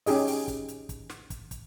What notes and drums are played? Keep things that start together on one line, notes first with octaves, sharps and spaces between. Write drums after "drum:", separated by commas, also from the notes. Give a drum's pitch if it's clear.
C#4 D#4 G4 G#4 D#5, drum: open hi-hat
drum: open hi-hat
drum: kick, hi-hat
drum: hi-hat
drum: kick, hi-hat
drum: snare
drum: kick, hi-hat
drum: kick, hi-hat